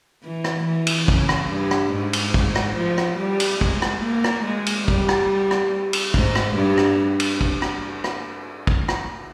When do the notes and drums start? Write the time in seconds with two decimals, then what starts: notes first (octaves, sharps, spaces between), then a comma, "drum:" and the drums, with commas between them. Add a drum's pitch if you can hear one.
0.24 E3
0.44 drum: rim click
0.66 E3
0.87 drum: cymbal
1.08 C#3, drum: kick
1.29 drum: rim click
1.49 G2
1.71 drum: rim click
1.92 G#2
2.13 drum: cymbal
2.34 drum: kick
2.55 drum: rim click
2.77 F3
2.98 drum: rim click
3.18 G3
3.40 drum: cymbal
3.61 G#3, drum: kick
3.82 drum: rim click
4.03 A#3
4.24 drum: rim click
4.45 G#3
4.66 drum: cymbal
4.88 G3, drum: kick
5.09 drum: rim click
5.51 drum: rim click
5.93 drum: cymbal
6.14 G#2, drum: kick
6.35 drum: rim click
6.56 G2
6.77 drum: rim click
7.20 drum: cymbal
7.41 drum: kick
7.62 drum: rim click
8.04 drum: rim click
8.67 drum: kick
8.88 drum: rim click